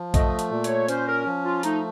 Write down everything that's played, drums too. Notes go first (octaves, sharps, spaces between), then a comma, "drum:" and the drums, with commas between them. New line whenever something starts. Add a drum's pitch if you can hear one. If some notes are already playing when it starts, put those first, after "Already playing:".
Already playing: F3
A3 D#5, drum: kick A#1, hi-hat
drum: hi-hat
A#2
C#5, drum: hi-hat
C#4 C5, drum: hi-hat
A#4
F3
F4
A3 D#4, drum: hi-hat